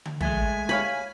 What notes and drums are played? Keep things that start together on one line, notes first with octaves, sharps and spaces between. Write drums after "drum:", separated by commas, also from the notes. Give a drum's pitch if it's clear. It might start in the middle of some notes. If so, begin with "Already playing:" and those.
drum: tom
G#3 A3 G#5, drum: tom
G4 C#5 F5 B5